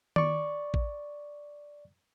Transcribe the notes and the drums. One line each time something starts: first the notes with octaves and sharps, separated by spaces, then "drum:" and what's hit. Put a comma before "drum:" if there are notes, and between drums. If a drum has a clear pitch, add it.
D5 C#6, drum: tom D#3
drum: kick